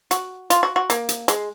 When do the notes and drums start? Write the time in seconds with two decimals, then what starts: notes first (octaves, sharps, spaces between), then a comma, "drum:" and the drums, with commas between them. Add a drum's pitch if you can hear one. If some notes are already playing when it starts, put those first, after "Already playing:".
0.11 F#4, drum: hi-hat
0.50 F4, drum: hi-hat
0.63 F#4
0.76 F#4
0.90 A#3, drum: hi-hat
1.09 drum: hi-hat
1.28 G#3, drum: hi-hat